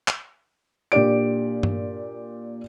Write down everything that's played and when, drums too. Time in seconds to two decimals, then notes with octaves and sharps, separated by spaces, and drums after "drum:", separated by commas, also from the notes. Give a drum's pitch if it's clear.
0.08 drum: clap
0.92 A#2 D4 G4 D5 D7
1.63 drum: tom G2